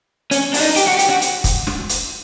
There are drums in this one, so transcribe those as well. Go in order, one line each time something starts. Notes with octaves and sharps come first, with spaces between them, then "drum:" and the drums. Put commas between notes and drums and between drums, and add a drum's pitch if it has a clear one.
C#4, drum: hi-hat
D4, drum: open hi-hat
D#4
G4, drum: hi-hat
F#4
G4, drum: hi-hat
F#4
drum: hi-hat
drum: kick, hi-hat
drum: snare
drum: hi-hat